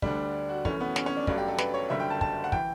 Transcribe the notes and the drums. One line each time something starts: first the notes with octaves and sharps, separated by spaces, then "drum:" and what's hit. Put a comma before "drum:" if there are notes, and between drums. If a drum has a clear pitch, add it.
D2 D3 G3 D4, drum: kick
F#4
F#2 E3 A3 C#4, drum: kick
B3
C#4, drum: snare
C#4
D4
A1 G2 F#3 A3 D4, drum: kick
G4
A4
B4, drum: snare
C#5
F#1 F#2 D3 G3 E5
G5
A5
A5, drum: kick
F#5
E3 G5, drum: kick